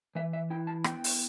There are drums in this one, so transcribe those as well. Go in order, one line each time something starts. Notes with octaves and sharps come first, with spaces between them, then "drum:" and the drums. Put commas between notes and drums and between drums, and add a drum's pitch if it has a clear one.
E3 E5
E5
E4 G5
A5
B3 G5, drum: rim click
drum: open hi-hat